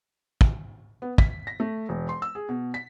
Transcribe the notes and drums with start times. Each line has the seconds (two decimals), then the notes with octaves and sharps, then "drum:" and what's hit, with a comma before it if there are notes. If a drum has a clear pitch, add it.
0.41 drum: kick
1.02 B3
1.18 B6, drum: kick
1.47 A#6
1.60 A3
1.89 E1
2.09 C6
2.22 E6
2.35 G#4
2.49 B2
2.74 B6